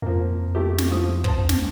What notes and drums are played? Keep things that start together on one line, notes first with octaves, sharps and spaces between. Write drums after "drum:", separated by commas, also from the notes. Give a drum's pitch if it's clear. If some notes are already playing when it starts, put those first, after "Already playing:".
F2 F3 A#3
A3 E4 G4
drum: snare
F3 D#6
C5 A5, drum: kick
drum: snare